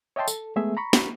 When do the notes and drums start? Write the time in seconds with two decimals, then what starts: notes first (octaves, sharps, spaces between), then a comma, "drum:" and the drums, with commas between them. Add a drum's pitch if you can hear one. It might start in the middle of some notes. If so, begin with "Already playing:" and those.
0.16 C#5 D#5 E5 G5 A5 C6
0.28 A4, drum: tambourine
0.56 G#3 A3 B3 G#4 E5
0.77 A#5 B5 C#6
0.93 drum: snare